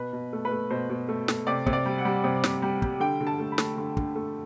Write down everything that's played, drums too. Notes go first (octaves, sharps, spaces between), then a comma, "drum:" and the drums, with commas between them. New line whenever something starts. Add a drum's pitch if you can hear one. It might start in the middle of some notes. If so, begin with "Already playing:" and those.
Already playing: B2 B4
B2
A3
B4
A3
B2 C5
B2
A3
A3, drum: snare
C3 D5
C3, drum: kick
D5
G3
F#5
G3
C3
C3, drum: snare
G3
G3, drum: kick
D3 G5
D3
A5
A3
B5
A3, drum: snare
D3
D3, drum: kick
A3